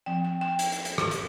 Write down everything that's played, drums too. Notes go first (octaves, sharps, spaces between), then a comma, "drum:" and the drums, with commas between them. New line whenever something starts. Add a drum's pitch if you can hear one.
F3 C4 G5
G5
G5
drum: hi-hat
drum: hi-hat
drum: hi-hat
drum: rim click
drum: hi-hat